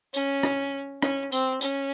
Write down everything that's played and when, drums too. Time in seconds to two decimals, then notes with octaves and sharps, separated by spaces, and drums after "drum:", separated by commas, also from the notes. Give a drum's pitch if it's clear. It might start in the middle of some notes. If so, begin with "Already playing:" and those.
0.14 C#4, drum: tambourine
0.43 drum: rim click
1.02 C#4, drum: rim click
1.32 C4, drum: tambourine
1.61 C#4, drum: tambourine